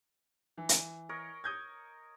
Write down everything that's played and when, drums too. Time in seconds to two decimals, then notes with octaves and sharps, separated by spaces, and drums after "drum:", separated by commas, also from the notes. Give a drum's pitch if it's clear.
0.58 E3
0.69 drum: hi-hat
1.09 A#4 C#5 D#5
1.44 D#6 G6 G#6